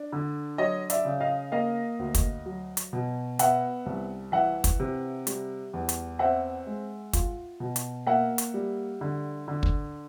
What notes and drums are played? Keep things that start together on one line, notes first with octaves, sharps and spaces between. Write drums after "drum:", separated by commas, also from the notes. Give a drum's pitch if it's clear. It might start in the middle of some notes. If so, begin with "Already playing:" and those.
Already playing: D4
D3
F#3 C#5 D#5
D5 E5, drum: hi-hat
C#3
D#5 F5
A#3 D#5 F5
D2
drum: kick, hi-hat
F#3
drum: hi-hat
B2
B3 E5 F#5, drum: hi-hat
C2
E3 E5 F#5
drum: kick, hi-hat
C3
G3, drum: hi-hat
E2
drum: hi-hat
C4 E5 F#5
G#3
F4, drum: kick, hi-hat
B2
drum: hi-hat
A#3 E5 F#5
drum: hi-hat
G3
D3
D3
drum: kick